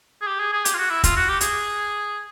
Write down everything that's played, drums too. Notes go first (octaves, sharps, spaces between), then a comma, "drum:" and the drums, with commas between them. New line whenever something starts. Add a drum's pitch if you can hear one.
G#4
G4
G#4
G#4
G4, drum: hi-hat
F4
F#4
E4
F4, drum: kick, hi-hat
F#4
G4
G#4, drum: hi-hat